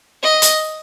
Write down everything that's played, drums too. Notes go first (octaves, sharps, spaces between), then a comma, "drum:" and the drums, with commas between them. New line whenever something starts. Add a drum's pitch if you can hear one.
D#5
drum: hi-hat